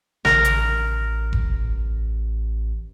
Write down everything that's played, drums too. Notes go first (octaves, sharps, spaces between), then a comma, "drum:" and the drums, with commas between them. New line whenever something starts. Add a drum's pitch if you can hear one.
A1 A#4, drum: snare
drum: hi-hat
drum: kick F1